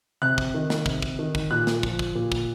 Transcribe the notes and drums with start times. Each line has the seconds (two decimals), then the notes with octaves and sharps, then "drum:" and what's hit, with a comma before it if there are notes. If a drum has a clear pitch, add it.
0.22 C3 F#6
0.38 drum: kick
0.54 D#3
0.70 drum: snare
0.86 C3, drum: kick
1.02 drum: kick
1.19 D#3
1.35 drum: kick
1.51 A#2 F#6
1.67 drum: snare
1.83 F3, drum: kick
1.99 drum: kick
2.15 A#2
2.32 drum: kick